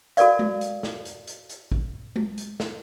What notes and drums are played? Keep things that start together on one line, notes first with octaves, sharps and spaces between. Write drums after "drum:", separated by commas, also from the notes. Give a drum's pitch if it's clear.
F#4 A4 A#4 D5 F5, drum: hi-hat
drum: tom G#3
drum: hi-hat
drum: snare
drum: hi-hat
drum: hi-hat
drum: hi-hat
drum: kick
drum: tom G#3
drum: hi-hat
drum: snare